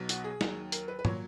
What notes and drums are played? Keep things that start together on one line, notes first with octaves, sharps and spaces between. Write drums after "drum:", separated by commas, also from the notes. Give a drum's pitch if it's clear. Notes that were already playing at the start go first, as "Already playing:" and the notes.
Already playing: B1 B2 F#3
F#4, drum: hi-hat
G#4
D#2 D#3 F#3, drum: snare
A#4, drum: hi-hat
B4
B4
A#2 F#3 C#5, drum: tom